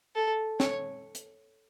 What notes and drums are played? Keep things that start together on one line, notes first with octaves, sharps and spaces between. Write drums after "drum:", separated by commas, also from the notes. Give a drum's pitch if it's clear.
A4
C#5, drum: snare
drum: hi-hat